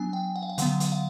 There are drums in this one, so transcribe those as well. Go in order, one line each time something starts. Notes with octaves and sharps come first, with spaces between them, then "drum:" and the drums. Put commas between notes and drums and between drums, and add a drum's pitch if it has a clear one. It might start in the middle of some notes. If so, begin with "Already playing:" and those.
Already playing: F#3 B3 D4 G#5
G5
F#5
F5
F#5
D3 F#3 B3 F5, drum: hi-hat
F#5, drum: hi-hat
F5